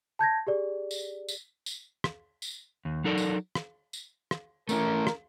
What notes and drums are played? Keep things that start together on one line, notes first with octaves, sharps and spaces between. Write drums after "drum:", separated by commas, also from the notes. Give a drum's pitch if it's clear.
A5 G6 G#6 A#6
G4 G#4 D5
drum: tambourine
drum: tambourine
drum: tambourine
drum: rim click
drum: tambourine
D#2
F#3 D#4 A4 A#4 D5
drum: tambourine
drum: rim click
drum: tambourine
drum: rim click
A3 C#4 E4 A#4, drum: tambourine
drum: rim click